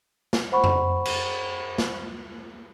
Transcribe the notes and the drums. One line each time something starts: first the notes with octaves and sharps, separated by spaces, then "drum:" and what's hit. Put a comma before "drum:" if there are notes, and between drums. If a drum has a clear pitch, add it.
drum: snare
C5 F#5 B5 C#6
drum: tom F2
drum: cymbal
drum: snare